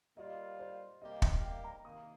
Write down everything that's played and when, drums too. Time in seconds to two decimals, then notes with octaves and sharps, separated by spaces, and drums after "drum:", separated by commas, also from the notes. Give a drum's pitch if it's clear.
0.17 A#2 G3 A#3 F4 D#5
0.59 C5
1.01 C3 G3 A#3 G4 D#5
1.22 drum: kick
1.43 G5
1.64 A#5
1.84 C3 D#3 A#3 D#6